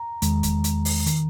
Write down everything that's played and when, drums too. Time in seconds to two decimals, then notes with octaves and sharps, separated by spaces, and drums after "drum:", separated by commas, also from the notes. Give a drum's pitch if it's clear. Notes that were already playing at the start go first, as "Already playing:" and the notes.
Already playing: A#5
0.22 E2 D#3 G#3, drum: hi-hat
0.43 drum: kick E2, hi-hat
0.64 drum: hi-hat
0.85 drum: open hi-hat
1.06 D#3, drum: hi-hat